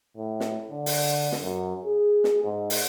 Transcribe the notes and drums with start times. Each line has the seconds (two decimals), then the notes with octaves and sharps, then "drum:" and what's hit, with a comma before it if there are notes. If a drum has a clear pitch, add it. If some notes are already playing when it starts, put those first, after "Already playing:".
0.17 A2
0.40 drum: snare
0.71 D3
0.86 drum: open hi-hat
1.32 drum: snare
1.42 F#2
1.85 G#4
2.24 drum: snare
2.44 G#2
2.70 drum: open hi-hat